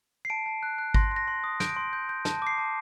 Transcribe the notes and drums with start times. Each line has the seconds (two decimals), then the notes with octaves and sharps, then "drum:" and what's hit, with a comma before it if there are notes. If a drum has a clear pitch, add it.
0.25 C7
0.30 A5 D7
0.46 A5
0.63 F#6
0.78 F#6
0.94 C6 A#6, drum: kick G#1
1.11 C6 A#6
1.28 C6
1.44 D#6
1.60 G6 D7, drum: snare
1.76 C6
1.93 G6
2.09 G6
2.25 A5, drum: snare
2.42 D6 C7
2.58 A5